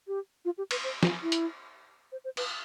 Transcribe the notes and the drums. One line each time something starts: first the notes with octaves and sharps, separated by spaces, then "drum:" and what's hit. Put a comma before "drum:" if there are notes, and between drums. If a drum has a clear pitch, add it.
G4
F4
G4
B4, drum: cymbal
C5
F4, drum: snare
E4
drum: hi-hat
C5
C5
B4, drum: cymbal